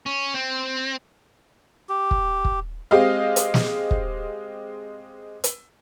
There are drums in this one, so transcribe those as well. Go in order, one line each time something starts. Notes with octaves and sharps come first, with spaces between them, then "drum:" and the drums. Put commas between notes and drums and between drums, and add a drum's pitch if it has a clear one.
C#4
C4
G4
drum: kick
drum: kick
G#3 C4 G4 D#5 F5
drum: hi-hat
drum: snare
drum: kick
drum: hi-hat